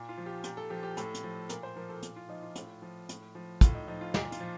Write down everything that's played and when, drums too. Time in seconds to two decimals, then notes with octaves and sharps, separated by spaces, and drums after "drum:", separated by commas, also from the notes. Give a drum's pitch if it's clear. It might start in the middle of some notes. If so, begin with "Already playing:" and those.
Already playing: A#2
0.09 F4
0.18 F3
0.26 G4
0.44 A#2 G4, drum: hi-hat
0.57 A4
0.70 F3 G4
0.83 G4
0.97 A2 A4, drum: hi-hat
1.14 drum: hi-hat
1.24 F3
1.49 A#2 A#4, drum: hi-hat
1.63 C5
1.76 F3 A#4
1.89 A4
2.03 A#2, drum: hi-hat
2.16 F4
2.29 F3 D#4
2.42 F4
2.55 A2, drum: hi-hat
2.82 F3
3.09 A2, drum: hi-hat
3.35 F3
3.61 A2 F4, drum: kick, hi-hat
3.74 D#4
3.88 F3 D#4
4.01 F4
4.14 A#2 D#4, drum: snare
4.32 F4, drum: hi-hat
4.40 F3